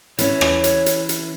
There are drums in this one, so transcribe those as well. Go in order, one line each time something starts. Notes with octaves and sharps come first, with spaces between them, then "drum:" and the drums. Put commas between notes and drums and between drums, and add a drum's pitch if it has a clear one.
E3 C#4 C#5, drum: hi-hat
drum: rim click
drum: hi-hat
drum: hi-hat
drum: hi-hat